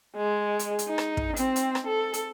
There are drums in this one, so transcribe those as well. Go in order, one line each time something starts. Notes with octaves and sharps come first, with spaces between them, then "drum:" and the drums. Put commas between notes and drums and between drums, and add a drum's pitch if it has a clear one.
G#3
drum: hi-hat
drum: hi-hat
D#4
drum: rim click
drum: kick
C4, drum: hi-hat
drum: hi-hat
drum: rim click
A4
drum: hi-hat